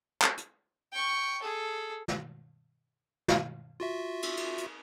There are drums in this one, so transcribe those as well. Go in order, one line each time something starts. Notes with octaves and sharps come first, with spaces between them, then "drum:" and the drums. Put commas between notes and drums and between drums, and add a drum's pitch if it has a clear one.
drum: clap
drum: hi-hat
G5 C#6
G#4 A4
drum: snare
drum: snare
F4 F#4 E5
drum: cymbal
drum: cymbal
drum: hi-hat